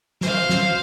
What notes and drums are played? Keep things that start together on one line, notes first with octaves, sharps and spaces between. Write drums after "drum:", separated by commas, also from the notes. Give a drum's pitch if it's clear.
C5 F5, drum: snare
drum: snare